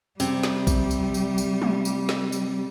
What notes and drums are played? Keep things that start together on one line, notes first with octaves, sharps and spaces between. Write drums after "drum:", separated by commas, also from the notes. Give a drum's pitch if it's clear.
C3 G3, drum: tambourine
drum: snare
drum: kick A#1, tambourine
drum: tambourine
drum: tambourine
drum: tambourine
drum: tom
drum: tambourine
drum: snare
drum: tambourine